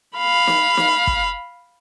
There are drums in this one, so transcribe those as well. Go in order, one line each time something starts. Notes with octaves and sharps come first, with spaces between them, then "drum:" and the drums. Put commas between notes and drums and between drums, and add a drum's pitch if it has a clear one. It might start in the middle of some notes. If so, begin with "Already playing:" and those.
F5 B5
drum: snare
drum: snare
drum: kick